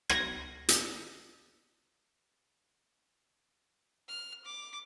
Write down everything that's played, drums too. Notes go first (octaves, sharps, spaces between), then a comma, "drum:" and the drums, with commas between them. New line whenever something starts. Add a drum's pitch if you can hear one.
G#6 A#6, drum: rim click
drum: hi-hat
F6
D6